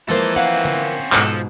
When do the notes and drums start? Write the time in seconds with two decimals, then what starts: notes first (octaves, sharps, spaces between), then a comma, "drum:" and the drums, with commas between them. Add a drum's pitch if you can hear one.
0.09 E3 F3 G#3 A#3 A4 C5
0.36 C4 C#4 F5 F#5
0.65 drum: tom
1.12 G#2 B2 F3 A4, drum: clap